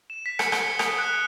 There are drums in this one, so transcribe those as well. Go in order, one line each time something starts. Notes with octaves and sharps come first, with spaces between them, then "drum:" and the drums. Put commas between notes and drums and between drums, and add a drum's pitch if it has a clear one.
E7
B6
C#7, drum: rim click
G7, drum: rim click
B6
D#6, drum: rim click
F#6
C#7